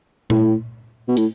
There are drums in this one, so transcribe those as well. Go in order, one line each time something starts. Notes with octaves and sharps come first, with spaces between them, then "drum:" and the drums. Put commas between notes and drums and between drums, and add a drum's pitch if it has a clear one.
A2, drum: tom A#2
B2
A2, drum: hi-hat